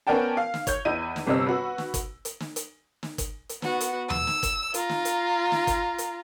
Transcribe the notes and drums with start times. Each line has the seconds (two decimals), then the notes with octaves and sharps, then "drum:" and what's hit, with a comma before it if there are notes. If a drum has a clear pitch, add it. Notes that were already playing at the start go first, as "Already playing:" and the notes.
0.07 B3 C#4 A#4 D5 G5 A5
0.37 F5
0.54 drum: snare
0.67 C#5 G6, drum: kick, hi-hat
0.85 E2 E4 D#5 D#7
1.16 drum: snare
1.27 G1 C3 C4 D#5 E6
1.46 F#4 B4
1.78 drum: snare
1.94 drum: kick, hi-hat
2.25 drum: hi-hat
2.40 drum: snare
2.56 drum: hi-hat
3.03 drum: snare
3.18 drum: kick, hi-hat
3.49 drum: hi-hat
3.62 B3 F#4, drum: snare
3.80 drum: hi-hat
4.10 E6, drum: tom D#2
4.27 drum: snare
4.43 drum: kick, hi-hat
4.74 F4 A#5, drum: hi-hat
4.89 drum: snare
5.05 drum: hi-hat
5.52 drum: snare
5.67 drum: kick, hi-hat
5.98 drum: hi-hat